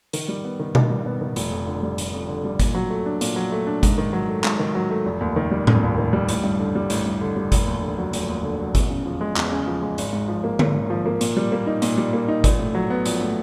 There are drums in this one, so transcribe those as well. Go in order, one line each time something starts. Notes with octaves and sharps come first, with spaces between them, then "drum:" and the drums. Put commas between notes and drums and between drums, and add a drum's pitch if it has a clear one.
D#3, drum: hi-hat
G3
B3
D#3
D#3, drum: tom B2
G3
B3
D#3
F1, drum: hi-hat
F2
D3
G3
F1, drum: hi-hat
F2
D3
G3
A#2, drum: kick G#1, hi-hat
F#3
A3
D4
A#2, drum: hi-hat
F#3
A3
D4
G#2, drum: kick G#1, hi-hat
D#3
F#3
A3
G#2, drum: clap
D#3
F#3
A3
F1
D#2
D#3
G3
F1, drum: tom A2
D#2
D#3
G3
A1, drum: hi-hat
G2
D3
G3
A1, drum: hi-hat
G2
D3
G3
F1, drum: kick G#1, hi-hat
D#2
D3
F#3
F1, drum: hi-hat
D#2
D3
F#3
E2, drum: kick G#1, hi-hat
C#3
F3
G#3
E2, drum: clap
C#3
F3
G#3
G#1, drum: hi-hat
G#2
F3
A#3
G#1, drum: tom D3
G#2
F3
A#3
A#2, drum: hi-hat
G3
A#3
D#4
A#2, drum: hi-hat
G3
A#3
D#4
A#1, drum: kick G#1, hi-hat
A2
F#3
B3
A#1, drum: hi-hat
A2